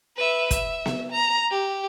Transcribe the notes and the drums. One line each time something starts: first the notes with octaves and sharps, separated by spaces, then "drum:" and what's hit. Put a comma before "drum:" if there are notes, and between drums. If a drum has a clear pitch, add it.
B4 E5
E5, drum: kick, hi-hat
drum: snare B3
A#5
G4